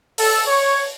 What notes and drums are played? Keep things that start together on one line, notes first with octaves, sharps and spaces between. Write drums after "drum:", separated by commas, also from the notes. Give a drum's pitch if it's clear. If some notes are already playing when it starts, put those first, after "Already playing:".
A4, drum: open hi-hat
C#5